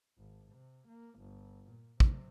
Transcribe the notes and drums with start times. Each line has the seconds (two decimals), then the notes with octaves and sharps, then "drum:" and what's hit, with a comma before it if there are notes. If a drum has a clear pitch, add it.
0.18 G#1
0.52 C3
0.88 A#3
1.20 G1
1.71 A#2
2.00 C3, drum: kick